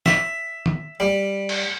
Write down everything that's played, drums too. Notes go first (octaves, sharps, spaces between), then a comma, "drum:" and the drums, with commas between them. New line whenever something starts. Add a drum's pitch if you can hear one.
E5, drum: snare
drum: tom D#3
G3
drum: cymbal